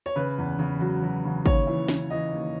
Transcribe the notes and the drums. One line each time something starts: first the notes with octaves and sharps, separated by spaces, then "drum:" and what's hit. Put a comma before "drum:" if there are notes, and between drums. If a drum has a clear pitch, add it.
C#5
C#3 B4
E2
C#3
F#3
F#3
C#3
D#2 C#5, drum: kick
E3
E3, drum: snare
E3 D#5
D#2